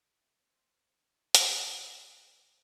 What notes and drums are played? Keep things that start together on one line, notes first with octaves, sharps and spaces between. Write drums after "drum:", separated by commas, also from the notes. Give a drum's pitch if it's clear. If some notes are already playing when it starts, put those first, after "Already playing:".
E4
C5
D#4
A4, drum: hi-hat
G4
D6